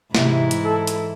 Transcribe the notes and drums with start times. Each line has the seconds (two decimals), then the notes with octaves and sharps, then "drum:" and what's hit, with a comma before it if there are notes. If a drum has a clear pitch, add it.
0.15 G#2 C3 E3 E4, drum: snare
0.51 drum: hi-hat
0.65 A4
0.87 drum: hi-hat